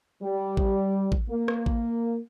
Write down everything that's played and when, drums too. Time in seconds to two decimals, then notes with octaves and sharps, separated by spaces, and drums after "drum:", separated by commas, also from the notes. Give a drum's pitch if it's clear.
0.23 G3
0.57 drum: kick A1
1.12 drum: kick A1
1.30 A#3
1.48 drum: rim click
1.66 drum: kick A1